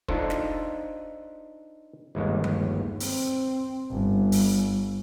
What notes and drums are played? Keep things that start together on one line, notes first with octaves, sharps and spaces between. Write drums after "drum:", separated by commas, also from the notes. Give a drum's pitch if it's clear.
D4 D#4 F4 A4 C5, drum: kick
drum: snare
G1 D#2 G#3
drum: tom F3
C4, drum: open hi-hat
G1
drum: open hi-hat